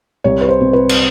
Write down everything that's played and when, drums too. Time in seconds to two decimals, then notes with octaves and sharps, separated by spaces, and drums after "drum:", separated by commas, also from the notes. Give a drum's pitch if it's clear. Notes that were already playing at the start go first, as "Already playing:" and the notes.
0.24 C2 C#5
0.41 B4
0.49 C5
0.61 C3
0.73 B4
0.89 drum: cymbal